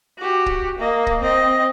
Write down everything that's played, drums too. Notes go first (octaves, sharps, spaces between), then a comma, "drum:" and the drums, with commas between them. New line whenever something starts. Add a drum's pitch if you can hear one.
F#4 G4
drum: kick
A#3 D#5
drum: kick
C4 D#5